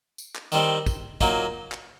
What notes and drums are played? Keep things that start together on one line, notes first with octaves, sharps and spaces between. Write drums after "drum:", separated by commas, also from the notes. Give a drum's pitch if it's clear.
drum: tambourine
drum: clap
D#3 G3 C4 D#4, drum: tambourine
drum: kick, tambourine
A#2 F#3 A#3 D#4, drum: kick, tambourine
drum: clap